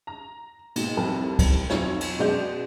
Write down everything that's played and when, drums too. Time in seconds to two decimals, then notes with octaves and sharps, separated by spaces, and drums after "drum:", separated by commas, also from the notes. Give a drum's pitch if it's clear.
0.07 A#5
0.76 G#2 B2 A#3, drum: cymbal
0.97 F1 C2 F2 A#4 A5
1.39 drum: kick, cymbal
1.70 B1 F2 F#3 F4 C#5, drum: snare
2.01 drum: cymbal
2.19 F#2 B2 G#3 D5 G6 F7